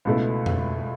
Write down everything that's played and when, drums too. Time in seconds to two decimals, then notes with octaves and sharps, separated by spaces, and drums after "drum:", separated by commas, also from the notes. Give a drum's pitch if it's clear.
0.05 C#2 B2 A3 E4
0.46 drum: tom F2